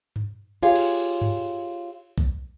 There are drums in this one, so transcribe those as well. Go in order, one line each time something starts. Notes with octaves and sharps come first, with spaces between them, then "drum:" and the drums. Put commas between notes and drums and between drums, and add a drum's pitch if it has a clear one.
drum: tom G2
F4 G4 G#4 C#5 F5
drum: cymbal
drum: open hi-hat
drum: tom G2
drum: kick B1